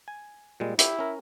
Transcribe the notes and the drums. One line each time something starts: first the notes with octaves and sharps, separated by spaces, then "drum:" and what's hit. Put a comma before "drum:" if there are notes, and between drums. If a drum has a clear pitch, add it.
G#5
A#2 G3 G#3
E4 G4, drum: hi-hat
C#4 A#4